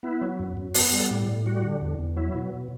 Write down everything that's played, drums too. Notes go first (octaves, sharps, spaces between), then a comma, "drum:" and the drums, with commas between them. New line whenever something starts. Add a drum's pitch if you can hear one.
B3 E4
F#3
F#2
F#2
B3 F#4, drum: open hi-hat
G3
A4
A2
A2
G3 F#4
D3
E2
E2
F#3 E4
B2